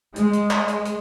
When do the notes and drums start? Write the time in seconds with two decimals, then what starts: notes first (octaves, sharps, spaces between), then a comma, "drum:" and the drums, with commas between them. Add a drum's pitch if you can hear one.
0.16 G#3, drum: hi-hat
0.33 drum: hi-hat
0.51 drum: clap
0.68 drum: hi-hat
0.85 drum: hi-hat